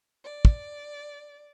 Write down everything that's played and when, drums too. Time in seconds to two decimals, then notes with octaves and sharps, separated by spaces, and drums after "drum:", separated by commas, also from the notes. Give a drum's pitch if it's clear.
0.24 D5
0.45 drum: kick